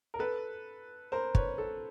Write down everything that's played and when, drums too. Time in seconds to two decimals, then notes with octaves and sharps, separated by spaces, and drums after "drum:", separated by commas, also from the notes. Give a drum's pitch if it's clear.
0.14 A#4
0.19 A4 B4
1.12 A#4 C5
1.35 B4 C#5, drum: kick
1.58 A4